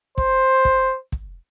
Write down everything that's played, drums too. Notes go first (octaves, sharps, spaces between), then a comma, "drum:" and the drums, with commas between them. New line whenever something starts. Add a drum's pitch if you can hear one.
C5, drum: kick
drum: kick
drum: kick